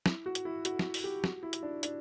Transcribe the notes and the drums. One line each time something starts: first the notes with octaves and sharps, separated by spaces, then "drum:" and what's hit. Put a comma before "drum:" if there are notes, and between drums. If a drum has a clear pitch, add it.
E4, drum: snare
F#4
drum: hi-hat
E4
F#4, drum: hi-hat
drum: snare
drum: open hi-hat
G4
F#4, drum: snare
E4
drum: hi-hat
D4
D4, drum: hi-hat